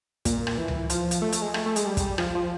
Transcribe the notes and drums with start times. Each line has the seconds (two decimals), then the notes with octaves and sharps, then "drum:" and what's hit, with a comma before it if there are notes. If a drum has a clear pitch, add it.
0.25 A#2, drum: kick, hi-hat
0.47 drum: rim click
0.57 E3
0.68 drum: tom C#2
0.90 F3, drum: hi-hat
1.11 drum: hi-hat
1.22 A3
1.33 drum: hi-hat
1.42 G#3
1.54 A3, drum: rim click
1.66 A3
1.76 G#3, drum: hi-hat
1.86 G3
1.97 drum: kick, hi-hat
2.18 F3, drum: rim click
2.35 F3